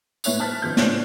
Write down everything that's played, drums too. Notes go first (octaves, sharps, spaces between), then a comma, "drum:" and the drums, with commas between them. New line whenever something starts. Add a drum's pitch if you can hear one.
A2 B4 C#5 E5 F#6 F7, drum: tambourine
C5 A5 F6 F#6 A6 B6
G#1 C#3 F3 B3 G6
A2 D4 C#5 F#6 C7, drum: snare